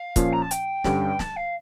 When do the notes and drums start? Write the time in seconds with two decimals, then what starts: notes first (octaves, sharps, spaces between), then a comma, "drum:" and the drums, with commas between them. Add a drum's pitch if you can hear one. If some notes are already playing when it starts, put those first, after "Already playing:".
Already playing: F5
0.16 A#2 F3 C#4, drum: kick, hi-hat
0.32 A#5
0.42 A5
0.51 G5, drum: hi-hat
0.84 G2 D3 G3 C#4, drum: snare
1.19 A5, drum: snare
1.36 F5